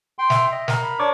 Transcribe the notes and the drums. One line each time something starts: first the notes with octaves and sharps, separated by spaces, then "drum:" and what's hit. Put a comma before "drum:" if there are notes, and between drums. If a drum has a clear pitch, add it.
G5 C6
E5, drum: snare
D#5
A#4 A#5, drum: snare
B5
D4 C#5 D5 C#6 D6